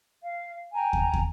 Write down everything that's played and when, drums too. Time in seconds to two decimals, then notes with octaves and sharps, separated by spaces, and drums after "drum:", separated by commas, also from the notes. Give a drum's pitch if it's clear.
0.22 F5
0.73 G5 G#5 A#5
0.93 drum: kick
1.14 drum: kick